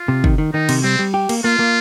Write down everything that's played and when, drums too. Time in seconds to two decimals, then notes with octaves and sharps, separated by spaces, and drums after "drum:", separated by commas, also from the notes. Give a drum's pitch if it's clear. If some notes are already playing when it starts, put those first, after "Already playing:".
Already playing: F4
0.08 C3
0.24 D#3, drum: kick
0.38 D#3
0.53 D#3 D#4
0.69 C3, drum: cymbal
0.84 G3 C4
0.99 G3
1.14 G4
1.29 A#3, drum: cymbal
1.44 A#3 F4
1.59 A#3